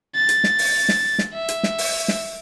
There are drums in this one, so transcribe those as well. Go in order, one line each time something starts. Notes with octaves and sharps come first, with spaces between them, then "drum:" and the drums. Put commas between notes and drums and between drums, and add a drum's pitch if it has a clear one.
A6
drum: hi-hat
drum: snare
drum: open hi-hat
drum: snare
drum: snare
E5
drum: hi-hat
drum: snare
drum: open hi-hat
drum: snare